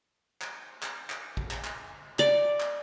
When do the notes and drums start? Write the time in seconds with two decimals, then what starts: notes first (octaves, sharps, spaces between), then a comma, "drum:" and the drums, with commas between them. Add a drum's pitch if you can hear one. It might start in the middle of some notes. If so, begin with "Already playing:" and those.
0.41 drum: clap
0.82 drum: clap
1.10 drum: clap
1.37 drum: kick
1.51 drum: clap
1.64 drum: clap
2.19 D5, drum: clap
2.60 drum: clap